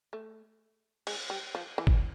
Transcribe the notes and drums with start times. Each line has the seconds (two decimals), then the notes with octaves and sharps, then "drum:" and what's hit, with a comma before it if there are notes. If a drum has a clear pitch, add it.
0.13 A3
1.07 G#3, drum: cymbal
1.30 G3
1.55 F3
1.78 E3
1.87 drum: kick G1